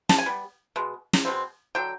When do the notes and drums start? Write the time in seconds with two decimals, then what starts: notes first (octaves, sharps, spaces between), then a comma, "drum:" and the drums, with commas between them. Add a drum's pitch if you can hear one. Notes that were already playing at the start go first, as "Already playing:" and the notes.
0.09 A5, drum: snare
0.18 G#5
0.26 G3 B3
0.76 B2 G#3
1.13 drum: snare
1.25 B2 G#3 C4
1.75 D3 F#3 G5